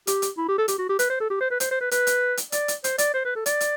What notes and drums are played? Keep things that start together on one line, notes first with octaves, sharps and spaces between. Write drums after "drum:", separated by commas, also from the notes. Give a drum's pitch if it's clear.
G4, drum: hi-hat
drum: hi-hat
E4
G4
A4
G4, drum: hi-hat
F#4
G4
B4, drum: hi-hat
C5
A4
G4
C5
B4
C5, drum: hi-hat
C5
B4
B4, drum: hi-hat
drum: hi-hat
drum: hi-hat
D5, drum: hi-hat
drum: hi-hat
C5, drum: hi-hat
D5, drum: hi-hat
C5
B4
A4
D5, drum: hi-hat
drum: hi-hat